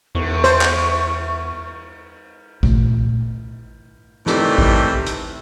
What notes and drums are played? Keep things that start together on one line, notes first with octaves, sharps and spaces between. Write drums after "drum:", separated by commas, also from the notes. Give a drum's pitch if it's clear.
E2 C#6, drum: cymbal
C5, drum: hi-hat
drum: clap
A#2 A3, drum: kick G#1
A2 C3 D#3 E3 G3 A3, drum: snare
drum: kick G#1
drum: hi-hat